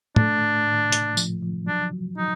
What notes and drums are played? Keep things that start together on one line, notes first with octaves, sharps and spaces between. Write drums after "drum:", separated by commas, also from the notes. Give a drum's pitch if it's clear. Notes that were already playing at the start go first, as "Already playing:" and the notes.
A3 D4, drum: tom
A2
A2
A2, drum: hi-hat
F3, drum: tambourine
F3
F#3 D4
F#3
F#3 D#4